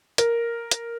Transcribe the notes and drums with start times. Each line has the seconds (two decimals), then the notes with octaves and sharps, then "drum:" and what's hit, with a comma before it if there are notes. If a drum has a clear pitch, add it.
0.18 A#4, drum: hi-hat
0.71 drum: hi-hat